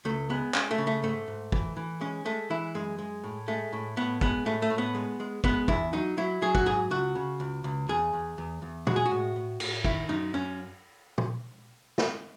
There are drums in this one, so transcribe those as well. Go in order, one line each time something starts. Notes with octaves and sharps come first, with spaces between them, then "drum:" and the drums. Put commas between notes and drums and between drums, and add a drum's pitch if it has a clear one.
C#2 A3
G#3 B3
G#3 C#4, drum: clap
A3
C#3
A3
G#2 A3
G#2
E3, drum: kick
E3
G#3 C#4
G#3 A3
E3 E4
F#2 G#3
G#3
A2
G#3 A3
A2
A2 B3
G#3 B3, drum: kick
A2 A3
A3
A2
B3
G#3
G#3
G#3 B3, drum: kick
E2 E4, drum: kick
F#3 D#4
F#3 E4
F#3 G#4
F#4, drum: kick
G#2 G#4
C#2 F#4
C#3
C#2
C#2
E2 G#4
E2
E2
E2
G#3 F#4, drum: tom
G#4
F#4
A2
A2
A2, drum: cymbal
D#3 E4, drum: kick
F#2 D#4
F#2 C#4
drum: tom
drum: snare